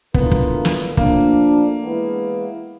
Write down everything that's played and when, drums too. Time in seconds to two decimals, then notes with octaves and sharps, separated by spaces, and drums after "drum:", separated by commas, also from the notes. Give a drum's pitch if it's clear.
0.14 E3 A3 B3 D4 F4 A#4, drum: kick
0.32 drum: kick
0.65 drum: snare
0.97 F3 A3 A#3 D4, drum: kick
1.81 E3 G#3 B3